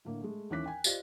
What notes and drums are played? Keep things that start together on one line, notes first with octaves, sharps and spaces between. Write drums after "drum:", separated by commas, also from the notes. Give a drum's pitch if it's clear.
A2 D3 A#3
G#3 A3
D#2 E3 C#4 D6 F#6 B6
G5 G#5
F4 G4 C5 D5 D#5 F5, drum: tambourine